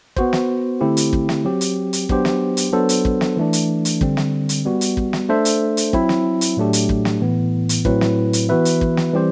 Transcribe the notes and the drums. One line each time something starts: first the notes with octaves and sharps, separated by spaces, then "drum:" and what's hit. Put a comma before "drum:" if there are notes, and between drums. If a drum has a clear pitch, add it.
B3 F#4 C5, drum: kick
drum: snare
D3 A3 C4 E4 G4
drum: hi-hat
drum: kick
drum: snare
F#3 C4 G4
drum: hi-hat
drum: hi-hat
F#3 B3 D4 G4 C5, drum: kick
drum: snare
drum: hi-hat
F#3 B3 D4 A4 C5
drum: hi-hat
drum: kick
drum: snare
E3 A3 D4
drum: hi-hat
drum: hi-hat
D3 G3 C4, drum: kick
drum: snare
drum: hi-hat
G3 B3 F#4
drum: hi-hat
drum: kick
drum: snare
A3 D4 A4 C5 E5
drum: hi-hat
drum: hi-hat
F#3 C4 E4, drum: kick
drum: snare
drum: hi-hat
A2 F#3 A3 D4 G4
drum: hi-hat
drum: kick
drum: snare
A2 E3 B3
drum: hi-hat
A2 F#3 C4 E4 B4, drum: kick
drum: snare
drum: hi-hat
E3 B3 F#4 B4 E5
drum: hi-hat
drum: kick
drum: snare
E3 G3 C4 G4 C5